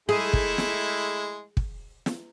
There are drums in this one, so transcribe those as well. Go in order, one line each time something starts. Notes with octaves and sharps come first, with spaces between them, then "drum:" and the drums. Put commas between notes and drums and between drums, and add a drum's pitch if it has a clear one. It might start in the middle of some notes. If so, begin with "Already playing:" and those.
G#3 A3 E4 G#4
drum: kick
drum: snare
drum: kick
drum: snare